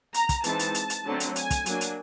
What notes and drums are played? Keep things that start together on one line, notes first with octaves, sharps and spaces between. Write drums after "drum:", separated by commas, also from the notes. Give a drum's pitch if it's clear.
A#5, drum: hi-hat
drum: kick, hi-hat
E3 G#3 C4 D#4 A5, drum: hi-hat
drum: hi-hat
drum: hi-hat
drum: hi-hat
D3 F#3 A3 C4
drum: hi-hat
G#5, drum: hi-hat
drum: kick, hi-hat
F#3 A#3 D4, drum: hi-hat
drum: hi-hat